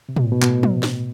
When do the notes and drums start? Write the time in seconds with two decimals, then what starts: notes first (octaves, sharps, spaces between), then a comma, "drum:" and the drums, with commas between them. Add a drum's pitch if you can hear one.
0.09 C3
0.16 B2, drum: tom
0.25 A2
0.32 B2
0.42 B2, drum: clap
0.49 A2
0.63 drum: tom
0.83 drum: snare